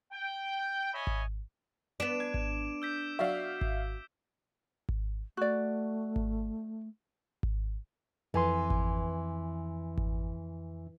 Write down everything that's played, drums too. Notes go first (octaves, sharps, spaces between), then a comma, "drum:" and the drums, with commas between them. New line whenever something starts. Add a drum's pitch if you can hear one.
G5
C#5 D#5 E5 G#5 B5
drum: kick G#1
B3 D4 D6 D7 E7
G#6
drum: kick G#1
E6 G6 B6
F#3 F#4 D5 E5 F5 B6
drum: kick G#1
drum: kick G#1
A3 F#4 D5
drum: kick G#1
drum: kick G#1
F2 E3 G#5 C6
drum: kick G#1
drum: kick G#1